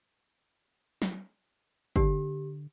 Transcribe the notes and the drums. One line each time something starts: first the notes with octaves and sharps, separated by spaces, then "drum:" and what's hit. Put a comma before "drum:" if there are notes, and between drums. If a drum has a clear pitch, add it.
drum: snare
D3 G4, drum: kick